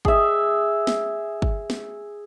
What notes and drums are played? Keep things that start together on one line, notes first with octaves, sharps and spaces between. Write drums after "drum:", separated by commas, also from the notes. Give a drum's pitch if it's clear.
G#4 E5, drum: kick
drum: snare
drum: kick
drum: snare